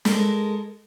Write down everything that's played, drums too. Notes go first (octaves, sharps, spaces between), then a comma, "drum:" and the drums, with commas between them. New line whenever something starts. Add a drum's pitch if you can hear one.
G#3 A4 A#4, drum: snare